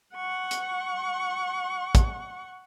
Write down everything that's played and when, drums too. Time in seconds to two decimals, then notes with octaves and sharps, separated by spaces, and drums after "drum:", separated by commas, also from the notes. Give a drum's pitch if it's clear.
0.15 F#5 C#6
0.51 drum: hi-hat
1.95 drum: kick, hi-hat